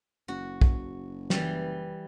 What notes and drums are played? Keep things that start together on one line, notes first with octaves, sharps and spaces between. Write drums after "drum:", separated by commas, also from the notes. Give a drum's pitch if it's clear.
F#1 F#4
drum: kick
E3 G3, drum: snare